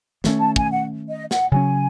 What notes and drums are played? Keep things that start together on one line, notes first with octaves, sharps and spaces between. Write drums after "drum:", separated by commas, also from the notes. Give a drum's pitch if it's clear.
D#3 A3 C#4, drum: snare
A5
G#5, drum: kick
F#5
D#5
F#5, drum: snare
C#3 F#3 C#4 G#5